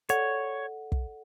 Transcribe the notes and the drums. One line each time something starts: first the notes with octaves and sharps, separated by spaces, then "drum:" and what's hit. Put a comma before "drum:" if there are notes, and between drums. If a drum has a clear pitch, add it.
A4 C#5 D5 F#5, drum: hi-hat
drum: kick